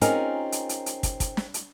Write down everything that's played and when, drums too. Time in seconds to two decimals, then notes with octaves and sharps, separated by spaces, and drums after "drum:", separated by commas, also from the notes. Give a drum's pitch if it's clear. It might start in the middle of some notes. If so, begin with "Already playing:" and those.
0.01 C4 C#4 D#4 F4 G#4 A#4, drum: hi-hat
0.52 drum: hi-hat
0.69 drum: hi-hat
0.86 drum: hi-hat
1.03 drum: kick, hi-hat
1.20 drum: kick, hi-hat
1.37 drum: snare
1.54 drum: hi-hat